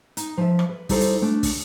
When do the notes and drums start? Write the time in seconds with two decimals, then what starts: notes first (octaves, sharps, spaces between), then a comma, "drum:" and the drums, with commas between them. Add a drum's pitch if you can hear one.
0.17 D#4, drum: hi-hat
0.37 F3 E5
0.59 drum: rim click
0.69 B4
0.89 G3 D#4 E4 A4 C5, drum: kick, open hi-hat
1.01 drum: hi-hat
1.22 A3 D4
1.43 drum: kick, open hi-hat